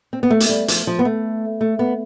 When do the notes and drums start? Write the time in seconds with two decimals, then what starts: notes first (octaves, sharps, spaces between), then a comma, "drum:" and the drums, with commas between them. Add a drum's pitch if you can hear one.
0.13 C4
0.23 B3
0.30 A3
0.40 drum: hi-hat
0.49 G3
0.68 F3, drum: hi-hat
0.87 F3
0.99 B3
1.05 A3
1.61 A3
1.79 B3